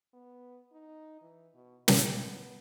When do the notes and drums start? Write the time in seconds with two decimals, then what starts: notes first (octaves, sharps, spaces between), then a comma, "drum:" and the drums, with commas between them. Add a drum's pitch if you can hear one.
0.13 B3
0.72 D#4
1.22 E3
1.55 B2
1.88 G#3, drum: snare
2.24 B3